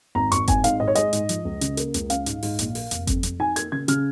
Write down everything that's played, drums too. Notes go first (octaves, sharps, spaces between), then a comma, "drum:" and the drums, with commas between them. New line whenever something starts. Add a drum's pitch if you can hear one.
G#1 A#5
G#1 C#6, drum: hi-hat
G#1 G#5, drum: kick G1, hi-hat
G#2 F5, drum: hi-hat
G#2 D#5
C#5
G#3 D#5, drum: hi-hat
G#2, drum: hi-hat
F3, drum: hi-hat
C#2
C#3, drum: hi-hat
A#3, drum: hi-hat
C#2, drum: hi-hat
C#4 F5, drum: hi-hat
G#2, drum: hi-hat
G#2, drum: open hi-hat
A#1, drum: hi-hat
A#3, drum: open hi-hat
F1, drum: hi-hat
F2, drum: kick G1, hi-hat
F2, drum: hi-hat
D#4 G#5
A#3 G#6, drum: hi-hat
C#3 G#6
C#3 F6, drum: hi-hat